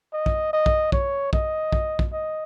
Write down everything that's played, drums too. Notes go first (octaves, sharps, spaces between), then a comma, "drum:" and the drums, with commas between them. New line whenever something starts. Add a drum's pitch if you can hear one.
D#5
drum: kick
D#5
drum: kick
C#5, drum: kick
D#5, drum: kick
drum: kick
drum: kick
D#5